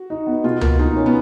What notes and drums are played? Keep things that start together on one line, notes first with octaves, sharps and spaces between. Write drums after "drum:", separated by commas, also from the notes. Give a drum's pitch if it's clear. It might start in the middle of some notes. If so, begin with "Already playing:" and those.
Already playing: F#4
D#4
B3
B2 F4
A#3, drum: tom C#2
B2 D#4
C#4
B3